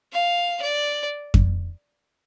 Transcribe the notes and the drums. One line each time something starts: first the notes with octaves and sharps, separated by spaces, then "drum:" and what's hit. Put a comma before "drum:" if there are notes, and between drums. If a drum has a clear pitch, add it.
F5
D5
drum: kick F2